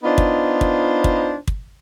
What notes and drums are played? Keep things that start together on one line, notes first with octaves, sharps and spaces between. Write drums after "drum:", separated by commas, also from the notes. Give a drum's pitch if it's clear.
B3 D4 D#4 F4 C5
drum: kick
drum: kick
drum: kick
drum: kick